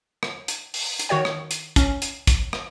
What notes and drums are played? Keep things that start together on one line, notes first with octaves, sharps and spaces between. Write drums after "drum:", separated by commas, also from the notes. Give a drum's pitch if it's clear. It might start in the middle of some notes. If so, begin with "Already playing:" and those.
drum: rim click
drum: hi-hat
drum: open hi-hat
drum: hi-hat
D#3 F#4 C#5 G5
drum: rim click
drum: hi-hat
C#4, drum: kick, hi-hat
drum: hi-hat
drum: kick, hi-hat
drum: rim click